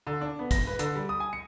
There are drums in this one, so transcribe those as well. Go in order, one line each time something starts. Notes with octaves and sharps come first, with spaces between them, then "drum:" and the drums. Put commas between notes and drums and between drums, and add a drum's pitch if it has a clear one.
D3
D4
B3
A#6, drum: kick, hi-hat
B4
D3, drum: hi-hat
G3
D#6
G#5
C#7